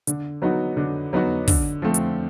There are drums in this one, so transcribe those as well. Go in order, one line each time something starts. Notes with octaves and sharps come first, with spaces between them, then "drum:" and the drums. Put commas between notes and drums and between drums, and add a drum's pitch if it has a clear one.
D3, drum: hi-hat
F#3 B3 D#4 F#4
D3
F#3 B3 D#4 F#4
D3, drum: kick, open hi-hat
F3 A3 C4
drum: hi-hat